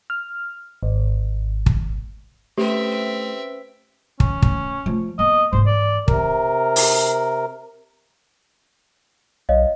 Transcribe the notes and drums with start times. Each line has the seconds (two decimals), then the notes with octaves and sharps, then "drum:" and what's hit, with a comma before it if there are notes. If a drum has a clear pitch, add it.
0.10 F6
0.83 G#1
1.66 drum: kick
2.58 A3 C4 C#4 G4 B4 C5 E5
4.20 C#4, drum: kick
4.42 A3, drum: kick
4.86 F3 A3
5.19 A#3 B3 D#5
5.53 G#2 E3 C5
5.66 D5
6.08 C3 A#4, drum: kick
6.76 drum: open hi-hat
9.49 B1 C#5 D#5 F5